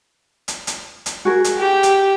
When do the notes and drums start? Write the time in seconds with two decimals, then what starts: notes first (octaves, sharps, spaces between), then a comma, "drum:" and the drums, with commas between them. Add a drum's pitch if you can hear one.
0.48 drum: hi-hat
0.67 drum: hi-hat
1.06 drum: hi-hat
1.25 F#4 G#4 A#4
1.44 drum: hi-hat
1.59 G4
1.83 drum: hi-hat